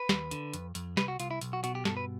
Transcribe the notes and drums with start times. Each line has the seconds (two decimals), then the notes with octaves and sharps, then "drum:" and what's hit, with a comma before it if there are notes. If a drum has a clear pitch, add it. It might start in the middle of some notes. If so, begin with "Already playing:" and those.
Already playing: B4
0.09 D#2, drum: snare
0.31 D3, drum: hi-hat
0.54 F2, drum: hi-hat
0.75 F2, drum: hi-hat
0.97 C2 B4, drum: snare
1.08 F#4
1.20 C2 F4, drum: hi-hat
1.31 E4
1.41 B1, drum: hi-hat
1.53 F#4
1.64 B2 F#4, drum: hi-hat
1.75 G4
1.85 G2 A4, drum: snare
1.97 B4